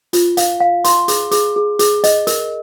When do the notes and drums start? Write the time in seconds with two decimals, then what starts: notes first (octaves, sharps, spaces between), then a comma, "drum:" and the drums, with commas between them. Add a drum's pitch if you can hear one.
0.13 F4, drum: hi-hat
0.37 F5, drum: hi-hat
0.60 F5
0.84 C6, drum: hi-hat
1.08 G#4, drum: hi-hat
1.31 G#4, drum: hi-hat
1.56 G#4
1.79 G#4, drum: hi-hat
2.04 D#5, drum: hi-hat
2.27 A#4, drum: hi-hat